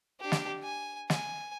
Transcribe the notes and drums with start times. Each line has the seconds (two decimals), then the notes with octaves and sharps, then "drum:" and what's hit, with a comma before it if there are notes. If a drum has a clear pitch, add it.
0.20 D4 G4
0.32 drum: snare
0.63 G#5
1.10 G#5, drum: snare